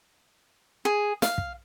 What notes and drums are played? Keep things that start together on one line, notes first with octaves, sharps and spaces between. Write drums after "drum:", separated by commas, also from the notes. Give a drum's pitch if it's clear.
G#4
F5, drum: snare
drum: kick